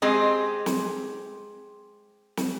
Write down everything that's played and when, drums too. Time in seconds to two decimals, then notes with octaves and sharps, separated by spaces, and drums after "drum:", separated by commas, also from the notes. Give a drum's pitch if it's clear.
0.02 G#3 C4 G4 G#4 D#5
0.66 drum: snare
2.37 drum: snare